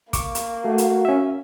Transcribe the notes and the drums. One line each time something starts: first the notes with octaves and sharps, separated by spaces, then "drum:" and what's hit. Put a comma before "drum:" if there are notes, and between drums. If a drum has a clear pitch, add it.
A#3 C#6 D6, drum: kick, hi-hat
drum: hi-hat
A3 F#4
drum: hi-hat
C#4 E5